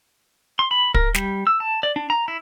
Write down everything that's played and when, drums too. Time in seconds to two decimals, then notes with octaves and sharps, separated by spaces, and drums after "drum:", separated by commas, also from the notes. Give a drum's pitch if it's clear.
0.59 C6
0.71 B5
0.94 A#4, drum: kick
1.14 G3, drum: snare
1.47 E6
1.60 A5
1.83 D5
1.96 D4
2.10 A#5
2.28 E4